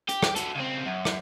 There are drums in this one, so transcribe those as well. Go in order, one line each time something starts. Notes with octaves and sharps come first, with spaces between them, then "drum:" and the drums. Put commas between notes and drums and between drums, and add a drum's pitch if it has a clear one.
G4, drum: hi-hat
drum: rim click
F#4 A4, drum: hi-hat
C#2 C4
F#2
drum: rim click